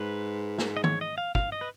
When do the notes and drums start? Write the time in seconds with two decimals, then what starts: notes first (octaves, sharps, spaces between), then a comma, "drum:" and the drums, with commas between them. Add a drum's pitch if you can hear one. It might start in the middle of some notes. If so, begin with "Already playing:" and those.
Already playing: G#2 B4
0.58 drum: snare
0.77 D#5
0.84 C#5, drum: tom D#3
1.01 D#5
1.18 F5
1.35 F5, drum: kick
1.52 D#5
1.61 B4